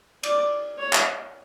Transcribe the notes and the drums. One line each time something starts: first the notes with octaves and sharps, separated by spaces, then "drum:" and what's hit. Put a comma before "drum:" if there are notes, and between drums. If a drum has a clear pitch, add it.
D5, drum: cymbal
C#5
drum: clap